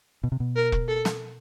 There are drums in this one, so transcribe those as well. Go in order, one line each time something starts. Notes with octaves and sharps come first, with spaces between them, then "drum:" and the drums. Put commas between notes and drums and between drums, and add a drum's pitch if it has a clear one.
B2
C3
B2
A#4
drum: kick E1
A4
drum: snare